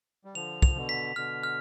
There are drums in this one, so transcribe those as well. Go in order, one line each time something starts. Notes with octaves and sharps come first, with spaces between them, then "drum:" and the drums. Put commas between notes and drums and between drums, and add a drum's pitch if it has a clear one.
G3
D3 F3 F7
F7, drum: kick
B2 D3
B6
B2 D3 F6
F6